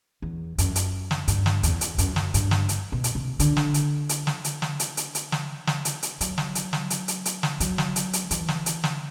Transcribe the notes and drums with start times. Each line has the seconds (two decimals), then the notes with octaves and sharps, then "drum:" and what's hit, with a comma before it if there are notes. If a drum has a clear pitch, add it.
0.22 E2
0.58 F#2, drum: hi-hat
0.76 drum: hi-hat
1.11 drum: snare
1.28 G2, drum: hi-hat
1.46 drum: snare
1.63 E2, drum: hi-hat
1.81 drum: hi-hat
1.98 F#2, drum: hi-hat
2.16 drum: snare
2.34 G2, drum: hi-hat
2.51 drum: snare
2.69 drum: hi-hat
2.92 B2
3.04 drum: hi-hat
3.15 C3
3.40 D3, drum: hi-hat
3.57 drum: snare
3.74 drum: hi-hat
4.09 drum: hi-hat
4.27 drum: snare
4.44 drum: hi-hat
4.62 drum: snare
4.80 drum: hi-hat
4.97 drum: hi-hat
5.15 drum: hi-hat
5.32 drum: snare
5.67 drum: snare
5.85 drum: hi-hat
6.03 drum: hi-hat
6.21 F#3, drum: hi-hat
6.38 drum: snare
6.55 drum: hi-hat
6.73 drum: snare
6.90 drum: hi-hat
7.08 drum: hi-hat
7.25 drum: hi-hat
7.43 drum: snare
7.60 F#3, drum: hi-hat
7.78 drum: snare
7.96 drum: hi-hat
8.13 drum: hi-hat
8.31 E3, drum: hi-hat
8.48 drum: snare
8.66 drum: hi-hat
8.84 drum: snare